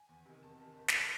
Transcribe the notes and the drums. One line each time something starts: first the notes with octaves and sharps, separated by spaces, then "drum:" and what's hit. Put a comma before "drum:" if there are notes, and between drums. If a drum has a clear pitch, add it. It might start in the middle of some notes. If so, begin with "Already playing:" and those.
Already playing: G#5
E2
C3 D#3
E2 A5
C3 D#3 A5
A5
G#1
A5, drum: snare
C#3